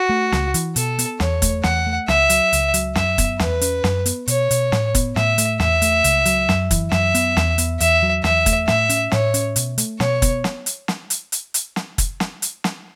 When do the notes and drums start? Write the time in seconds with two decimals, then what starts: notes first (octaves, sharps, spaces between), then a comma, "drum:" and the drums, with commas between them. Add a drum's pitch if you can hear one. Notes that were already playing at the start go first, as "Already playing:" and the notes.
Already playing: F#4
0.09 A3
0.32 C#2, drum: snare
0.54 E3, drum: hi-hat
0.76 B2 A4, drum: hi-hat
0.99 B3, drum: hi-hat
1.20 E2 C#5, drum: snare
1.42 A3, drum: kick, hi-hat
1.63 E2 F#5, drum: snare
1.87 A3
2.08 C#2 E5, drum: snare
2.30 F#3, drum: hi-hat
2.53 C#2, drum: hi-hat
2.74 F#3, drum: hi-hat
2.95 F#2 E5, drum: snare
3.18 B3, drum: kick, hi-hat
3.39 E2 B4, drum: snare
3.61 C#4, drum: hi-hat
3.84 F#2, drum: snare
4.06 B3, drum: hi-hat
4.28 B2 C#5, drum: hi-hat
4.51 B2, drum: hi-hat
4.72 A2, drum: snare
4.95 B3, drum: kick, hi-hat
5.16 A2 E5, drum: snare
5.38 A3, drum: hi-hat
5.60 E2 E5, drum: snare
5.82 A3, drum: hi-hat
6.04 C#2, drum: hi-hat
6.25 F#3, drum: hi-hat
6.49 F#2, drum: snare
6.71 E3, drum: kick, hi-hat
6.91 F#2 E5, drum: snare
7.15 B3, drum: hi-hat
7.37 E2, drum: snare
7.58 B3, drum: hi-hat
7.80 E2 E5, drum: hi-hat
8.03 F#3
8.24 E2 E5, drum: snare
8.46 A3, drum: kick, hi-hat
8.68 A2 E5, drum: snare
8.90 C#4, drum: hi-hat
9.12 A2 C#5, drum: snare
9.34 C#4, drum: hi-hat
9.56 B2, drum: hi-hat
9.78 A3, drum: hi-hat
10.00 B2 C#5, drum: snare
10.22 B3, drum: kick, hi-hat
10.44 drum: snare
10.66 drum: hi-hat
10.88 drum: snare
11.10 drum: hi-hat
11.32 drum: hi-hat
11.54 drum: hi-hat
11.76 drum: snare
11.98 drum: kick, hi-hat
12.20 drum: snare
12.42 drum: hi-hat
12.64 drum: snare